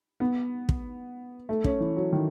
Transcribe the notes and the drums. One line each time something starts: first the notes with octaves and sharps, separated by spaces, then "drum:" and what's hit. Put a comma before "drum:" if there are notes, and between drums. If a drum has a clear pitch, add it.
B3
drum: kick
A3
C#4, drum: kick
E3
F#3
D#3